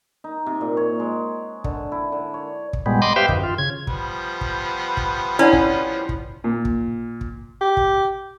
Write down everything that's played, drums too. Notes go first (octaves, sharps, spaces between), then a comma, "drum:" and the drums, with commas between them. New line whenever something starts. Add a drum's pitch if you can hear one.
D#4
C3
A#2
C#5
G#3
D3, drum: kick
E4
D3
C#5
drum: kick
A#2 G3 G#3 B3
D#5 B5 C6 D6
G4 B4 C5 E5 F5 G5
F#2 D#3, drum: kick
F4
C#3 G#6
F3 G3 B3, drum: kick
drum: kick
drum: kick
C#4 E4 D5 F#5
drum: kick
drum: kick
A#2
drum: kick
drum: kick
G4
drum: kick